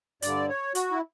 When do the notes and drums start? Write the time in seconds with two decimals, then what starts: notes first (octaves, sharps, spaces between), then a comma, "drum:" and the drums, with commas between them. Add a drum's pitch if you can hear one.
0.22 G2 D3 D5, drum: hi-hat
0.49 C#5
0.75 F#4, drum: hi-hat
0.91 E4